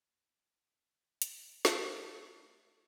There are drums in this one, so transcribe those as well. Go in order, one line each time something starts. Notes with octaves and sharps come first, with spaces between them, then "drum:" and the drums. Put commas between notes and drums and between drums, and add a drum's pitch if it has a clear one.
drum: hi-hat
A3, drum: snare